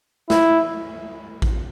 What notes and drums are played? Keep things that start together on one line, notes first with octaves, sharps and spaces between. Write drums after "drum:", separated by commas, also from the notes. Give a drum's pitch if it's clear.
E4, drum: snare
drum: kick A1